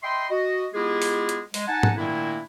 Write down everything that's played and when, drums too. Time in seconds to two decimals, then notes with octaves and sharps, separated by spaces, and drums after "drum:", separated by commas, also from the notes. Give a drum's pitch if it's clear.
0.02 D#5 E5 G5 B5 C6
0.30 F#4 D#5
0.74 G#3 B3 E4 F4 G4 G#4
1.02 drum: open hi-hat
1.29 drum: hi-hat
1.54 G#3, drum: open hi-hat
1.68 D#4 F#5 G#5 A5
1.83 drum: tom G#2
1.97 A#2 D#3 A3 A#3 D4 E4